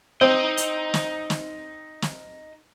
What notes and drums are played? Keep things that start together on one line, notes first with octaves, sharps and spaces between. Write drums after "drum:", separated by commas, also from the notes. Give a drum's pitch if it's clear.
C4 D#4 D#5
drum: hi-hat
drum: snare
drum: snare
drum: snare